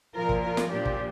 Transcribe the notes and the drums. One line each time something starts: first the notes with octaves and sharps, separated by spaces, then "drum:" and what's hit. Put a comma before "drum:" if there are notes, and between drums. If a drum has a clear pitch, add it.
A#2 F3 F4 A#4
drum: kick
F4 A#4
drum: snare
A#2 F3 D4 G4
drum: kick